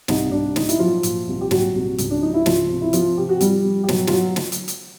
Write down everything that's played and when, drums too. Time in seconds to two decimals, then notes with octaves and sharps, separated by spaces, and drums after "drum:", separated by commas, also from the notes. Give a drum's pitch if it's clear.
0.08 C2 D#4, drum: snare
0.31 C2 D4
0.56 A#2 D#4, drum: snare
0.69 E4, drum: hi-hat
0.79 F3 F#3 F4
1.03 A#2, drum: hi-hat
1.27 C2
1.41 G4
1.51 A#2 F#3 F#4, drum: snare
1.74 C2
1.98 C#2, drum: hi-hat
2.11 D4
2.22 F3 D#4
2.34 E4
2.46 C#2 F3 F4, drum: snare
2.70 C3
2.81 E4
2.93 F3 F4, drum: hi-hat
3.17 C3 G4
3.29 F#4
3.41 F3 G3 G4, drum: hi-hat
3.65 F3
3.83 G4
3.88 B2 F#3 F#4, drum: snare
4.07 F4, drum: snare
4.12 F#3 F#4
4.36 drum: snare
4.52 drum: hi-hat
4.68 drum: hi-hat